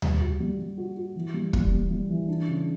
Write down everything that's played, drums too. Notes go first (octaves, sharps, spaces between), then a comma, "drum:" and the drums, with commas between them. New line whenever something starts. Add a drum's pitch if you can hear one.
G3, drum: tom D2
F#4
G3
G3
F#4
F#4
E3
G3
G3, drum: kick
G3
G3
E3
D4
C#3